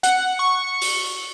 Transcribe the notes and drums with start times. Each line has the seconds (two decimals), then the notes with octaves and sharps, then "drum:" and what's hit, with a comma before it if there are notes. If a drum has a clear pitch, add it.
0.03 F#5, drum: hi-hat
0.39 C#6
0.81 drum: open hi-hat